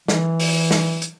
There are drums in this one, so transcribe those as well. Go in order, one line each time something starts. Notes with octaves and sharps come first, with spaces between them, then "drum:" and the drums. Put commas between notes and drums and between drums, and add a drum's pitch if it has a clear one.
E3, drum: snare
drum: open hi-hat
drum: snare
drum: hi-hat